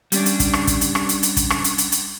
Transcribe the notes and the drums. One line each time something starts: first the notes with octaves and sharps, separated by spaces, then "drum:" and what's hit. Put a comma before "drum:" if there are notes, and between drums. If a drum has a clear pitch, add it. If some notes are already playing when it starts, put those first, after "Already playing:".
G3 C#4 D4, drum: hi-hat
drum: hi-hat
drum: kick, hi-hat
drum: rim click
drum: kick, hi-hat
drum: hi-hat
drum: rim click
drum: hi-hat
drum: hi-hat
drum: kick, hi-hat
drum: rim click
drum: hi-hat
drum: hi-hat
drum: hi-hat